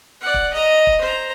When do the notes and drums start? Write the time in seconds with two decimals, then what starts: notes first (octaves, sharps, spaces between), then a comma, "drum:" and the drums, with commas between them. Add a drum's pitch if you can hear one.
0.21 D5 F#5
0.34 drum: kick
0.53 D#5 A#5
0.87 drum: kick
1.01 C5 A#5